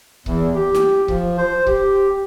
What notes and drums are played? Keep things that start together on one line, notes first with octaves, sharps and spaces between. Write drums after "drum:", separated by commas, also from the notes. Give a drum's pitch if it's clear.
E2, drum: kick C#1
G4
drum: snare
F3, drum: kick C#1
C5
G4, drum: kick C#1